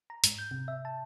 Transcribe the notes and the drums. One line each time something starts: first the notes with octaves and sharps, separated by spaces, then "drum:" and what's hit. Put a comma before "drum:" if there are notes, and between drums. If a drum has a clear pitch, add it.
A#5
G#2, drum: hi-hat
G6
C3
E5
A5